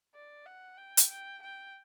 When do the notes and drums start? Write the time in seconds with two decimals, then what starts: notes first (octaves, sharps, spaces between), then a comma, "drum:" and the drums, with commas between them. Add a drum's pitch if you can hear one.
0.15 D5
0.46 F#5
0.78 G5
0.97 drum: hi-hat
1.10 G5
1.42 G5